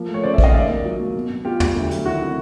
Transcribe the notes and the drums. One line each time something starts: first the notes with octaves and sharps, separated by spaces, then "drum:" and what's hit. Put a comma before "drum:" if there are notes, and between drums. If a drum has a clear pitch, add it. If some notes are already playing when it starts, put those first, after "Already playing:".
Already playing: F3 A#3
A3
C#5
C#3 C5 D5
D5 E5
C#3, drum: kick
D#5 F5
D#2 D5 E5
A#3
F#3
A#3
B2
B2
B2 F4 G4
G3, drum: tom
D2
F#3, drum: hi-hat
D#3 E4 F#4
C3